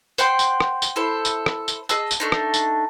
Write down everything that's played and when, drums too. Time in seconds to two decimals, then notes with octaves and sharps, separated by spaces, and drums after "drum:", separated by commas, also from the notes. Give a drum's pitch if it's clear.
0.18 C5 F#5 G5 C6, drum: tambourine
0.39 drum: tambourine
0.60 drum: rim click
0.82 drum: tambourine
0.96 E4 A4 C5
1.25 drum: tambourine
1.46 drum: rim click
1.68 drum: tambourine
1.89 G#4 D#5 A5 E6, drum: tambourine
2.11 drum: tambourine
2.20 A3 D4 D#4
2.32 drum: rim click
2.54 drum: tambourine